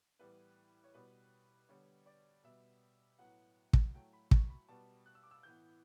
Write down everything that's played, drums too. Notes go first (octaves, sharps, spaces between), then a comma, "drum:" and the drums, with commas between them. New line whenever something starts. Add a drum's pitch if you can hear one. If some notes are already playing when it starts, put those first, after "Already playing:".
A2 E3 G3 B3 B4
C#5
B2 G3 B3 B4
D3 G3 B3 C#5
D5
B2 G3 B3 E5
A2 F#3 B3 F#5
drum: kick
A2 F#3 A3 G5
B5
C#6, drum: kick
B5
B2 G3 B3 A5
F#6
E6
D6
E6
A2 E3 B3 G6